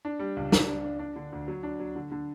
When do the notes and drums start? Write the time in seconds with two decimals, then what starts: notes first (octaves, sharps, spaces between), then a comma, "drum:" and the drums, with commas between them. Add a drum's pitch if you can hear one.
0.05 D4
0.19 G3
0.37 C#2
0.52 D4, drum: snare
0.68 D4
0.84 D4
0.99 D4
1.16 D3
1.32 D2
1.48 F#3
1.63 D4
1.80 F#3
1.95 D3
2.11 D3